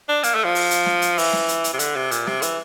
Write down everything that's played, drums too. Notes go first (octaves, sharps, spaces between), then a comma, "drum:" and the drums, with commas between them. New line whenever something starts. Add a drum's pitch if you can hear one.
D4
A#3, drum: hi-hat
A3
F3
drum: open hi-hat
drum: hi-hat
drum: snare
drum: hi-hat
E3, drum: open hi-hat
drum: snare
drum: hi-hat
drum: hi-hat
C3
D3, drum: hi-hat
C3
A#2, drum: hi-hat
C3, drum: snare
E3, drum: hi-hat